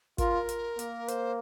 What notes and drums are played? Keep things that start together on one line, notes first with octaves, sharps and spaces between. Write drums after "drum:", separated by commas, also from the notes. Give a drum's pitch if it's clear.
F4 A#4, drum: kick, hi-hat
drum: hi-hat
A#3, drum: hi-hat
C5, drum: hi-hat